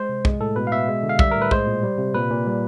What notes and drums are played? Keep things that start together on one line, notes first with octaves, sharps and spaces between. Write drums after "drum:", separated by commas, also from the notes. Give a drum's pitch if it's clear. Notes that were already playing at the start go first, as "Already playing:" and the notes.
Already playing: G#3 C5
C3
G#3, drum: kick
A2 A4
B2 B4
F5
B2 E5
G#3
D3
F5
G3 E5, drum: kick
A2 A#4
B4
G#3 C5, drum: kick
A#2
G3
C3
A#2 B4
A#2
G3